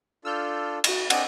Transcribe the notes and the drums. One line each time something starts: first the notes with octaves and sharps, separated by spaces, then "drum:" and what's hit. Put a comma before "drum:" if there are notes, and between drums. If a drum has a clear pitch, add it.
D4 F4 A4 E6 F6 G6
F#4 A#6, drum: cymbal
C4 D4 D#5 F#5 G#5 E6, drum: cymbal